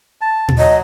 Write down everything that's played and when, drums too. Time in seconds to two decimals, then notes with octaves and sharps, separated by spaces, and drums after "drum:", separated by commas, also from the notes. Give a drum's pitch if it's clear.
0.21 A5
0.48 drum: tom
0.58 F#3 D#5